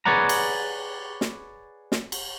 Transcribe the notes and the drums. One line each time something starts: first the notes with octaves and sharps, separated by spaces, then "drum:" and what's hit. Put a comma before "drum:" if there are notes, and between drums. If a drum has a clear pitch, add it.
G#4 B4 C#5 D5 F#5 A#5
drum: cymbal
drum: snare
drum: snare
drum: cymbal